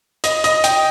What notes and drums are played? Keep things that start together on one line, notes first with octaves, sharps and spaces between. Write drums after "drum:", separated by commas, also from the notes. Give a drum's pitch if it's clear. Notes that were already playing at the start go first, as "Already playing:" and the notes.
D#5, drum: hi-hat
D#5, drum: hi-hat
G5, drum: hi-hat